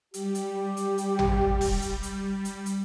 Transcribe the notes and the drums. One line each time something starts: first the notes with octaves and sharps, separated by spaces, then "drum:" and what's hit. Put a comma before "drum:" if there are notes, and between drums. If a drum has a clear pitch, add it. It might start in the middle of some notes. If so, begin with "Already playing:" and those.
G3 G4, drum: hi-hat
drum: hi-hat
drum: hi-hat
drum: hi-hat
drum: tom
drum: kick E1, open hi-hat
drum: hi-hat
drum: hi-hat
drum: hi-hat
drum: hi-hat